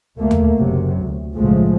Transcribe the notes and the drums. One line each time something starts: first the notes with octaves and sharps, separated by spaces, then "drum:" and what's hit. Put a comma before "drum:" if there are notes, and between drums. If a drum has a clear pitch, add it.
D2 A3 A#3
drum: tom D#2
F#1 C3 F#3
D2
B1 A2 C#3 F3 G#3 A3